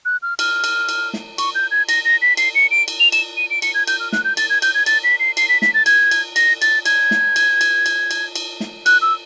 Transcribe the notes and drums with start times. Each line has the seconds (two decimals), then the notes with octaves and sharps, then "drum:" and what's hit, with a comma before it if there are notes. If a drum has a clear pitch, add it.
0.05 F#6
0.22 F6
0.39 F6, drum: cymbal
0.64 drum: cymbal
0.89 drum: cymbal
1.13 drum: snare
1.38 C#6, drum: cymbal
1.55 G6
1.71 G#6
1.89 A#6, drum: cymbal
2.05 A#6
2.22 B6
2.37 C7, drum: cymbal
2.55 C#7
2.71 D7
2.88 drum: cymbal
3.00 F7
3.12 E7, drum: cymbal
3.37 D#7
3.50 D7
3.62 C#7, drum: cymbal
3.74 G#6
3.87 G6, drum: cymbal
4.00 F6
4.13 F#6, drum: snare
4.24 G6
4.37 A6, drum: cymbal
4.50 G#6
4.62 G6, drum: cymbal
4.74 G#6
4.86 A6, drum: cymbal
5.04 B6
5.20 C7
5.37 C7, drum: cymbal
5.49 B6
5.62 B6, drum: snare
5.74 A6
5.86 G#6, drum: cymbal
6.11 drum: cymbal
6.36 A#6, drum: cymbal
6.62 A6, drum: cymbal
6.86 G#6, drum: cymbal
7.11 drum: snare
7.36 drum: cymbal
7.61 drum: cymbal
7.86 drum: cymbal
8.11 drum: cymbal
8.36 drum: cymbal
8.60 drum: snare
8.86 F#6, drum: cymbal
9.02 E6